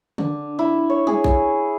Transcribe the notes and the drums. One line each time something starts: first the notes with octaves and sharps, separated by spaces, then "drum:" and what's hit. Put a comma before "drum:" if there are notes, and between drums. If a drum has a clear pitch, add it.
D3, drum: tom C#3
E4
C#5
G#4, drum: tom F#3
drum: kick A#1